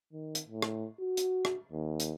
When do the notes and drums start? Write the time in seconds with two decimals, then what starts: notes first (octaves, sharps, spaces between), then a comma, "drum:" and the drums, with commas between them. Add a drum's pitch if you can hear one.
0.13 D#3
0.35 drum: hi-hat
0.48 A2
0.62 drum: rim click
1.00 F#4
1.17 drum: hi-hat
1.45 drum: rim click
1.72 D#2
2.00 drum: hi-hat